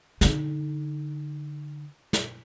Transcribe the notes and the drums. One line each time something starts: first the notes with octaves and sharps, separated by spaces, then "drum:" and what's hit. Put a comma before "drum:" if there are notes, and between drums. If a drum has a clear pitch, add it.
D3 D#4, drum: snare
drum: snare